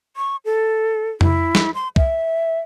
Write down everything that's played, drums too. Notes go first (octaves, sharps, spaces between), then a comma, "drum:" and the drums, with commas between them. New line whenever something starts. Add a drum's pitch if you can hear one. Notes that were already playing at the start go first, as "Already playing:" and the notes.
C#6
A4
E4, drum: tom F2
drum: snare
C6
E5, drum: kick